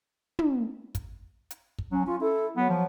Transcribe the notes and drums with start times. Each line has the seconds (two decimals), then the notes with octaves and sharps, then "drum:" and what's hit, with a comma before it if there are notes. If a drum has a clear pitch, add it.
0.39 drum: tom
0.95 drum: kick, hi-hat
1.51 drum: hi-hat
1.78 drum: kick
1.92 F#3 C#4
2.06 C#4 F4
2.21 E4 A4
2.56 F#3 B3
2.69 F3